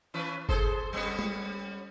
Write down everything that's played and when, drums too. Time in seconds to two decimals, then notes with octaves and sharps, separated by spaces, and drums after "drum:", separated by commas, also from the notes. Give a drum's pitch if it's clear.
0.14 E3 C#4 B4
0.49 G#4 A4 C5, drum: kick F#1
0.93 G3 B3 C#4
1.19 drum: tom G#3